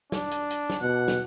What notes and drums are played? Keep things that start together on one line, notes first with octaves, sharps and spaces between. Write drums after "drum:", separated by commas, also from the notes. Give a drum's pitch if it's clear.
D4, drum: snare
drum: hi-hat
drum: hi-hat
drum: snare
B2 F#5
drum: snare